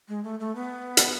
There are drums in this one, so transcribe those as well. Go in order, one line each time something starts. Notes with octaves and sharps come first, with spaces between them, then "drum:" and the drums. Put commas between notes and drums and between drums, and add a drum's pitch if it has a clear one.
G#3
A3
A3
B3
drum: hi-hat